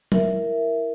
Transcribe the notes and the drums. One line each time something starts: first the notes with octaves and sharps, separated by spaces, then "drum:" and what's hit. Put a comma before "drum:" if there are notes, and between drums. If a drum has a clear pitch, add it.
E4 A#4 E5, drum: tom